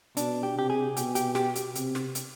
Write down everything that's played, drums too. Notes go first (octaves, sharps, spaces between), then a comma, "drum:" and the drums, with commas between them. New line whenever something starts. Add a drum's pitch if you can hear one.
B2 D4, drum: hi-hat
G4
C3 G4
G#4
B2 G4, drum: hi-hat
G4, drum: hi-hat
G4, drum: snare
drum: hi-hat
C3, drum: hi-hat
drum: snare
drum: hi-hat